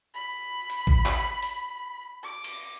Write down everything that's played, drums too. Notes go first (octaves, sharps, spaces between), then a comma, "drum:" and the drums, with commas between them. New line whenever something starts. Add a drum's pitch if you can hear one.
B5
drum: hi-hat
drum: kick A1
drum: clap
drum: hi-hat
D6
drum: cymbal